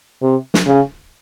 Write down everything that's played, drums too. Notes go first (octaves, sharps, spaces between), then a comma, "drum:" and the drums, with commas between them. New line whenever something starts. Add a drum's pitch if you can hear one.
C3
drum: snare
C#3